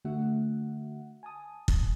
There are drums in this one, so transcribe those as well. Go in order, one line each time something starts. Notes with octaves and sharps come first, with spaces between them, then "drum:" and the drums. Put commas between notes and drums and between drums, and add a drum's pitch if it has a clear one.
D3 A3 F#4 E5 F#5
G#5 A5 D#6
drum: kick